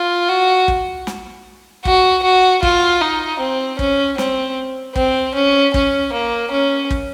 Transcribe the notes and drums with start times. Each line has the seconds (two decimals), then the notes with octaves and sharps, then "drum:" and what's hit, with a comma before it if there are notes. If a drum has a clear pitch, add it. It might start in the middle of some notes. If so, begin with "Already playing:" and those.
Already playing: F4
0.29 F#4
0.68 drum: kick
1.07 drum: snare
1.85 F#4, drum: kick
2.23 F#4
2.63 F4, drum: kick
3.01 D#4
3.40 C4
3.79 C#4, drum: kick
4.18 C4, drum: snare
4.96 C4, drum: kick
5.35 C#4
5.74 C#4, drum: kick
6.13 A#3
6.52 C#4
6.91 drum: kick